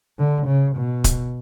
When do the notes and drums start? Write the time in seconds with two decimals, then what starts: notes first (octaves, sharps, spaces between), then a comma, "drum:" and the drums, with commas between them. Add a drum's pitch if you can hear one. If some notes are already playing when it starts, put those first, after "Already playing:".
0.19 D3
0.47 C#3
0.76 B2
1.04 drum: kick, hi-hat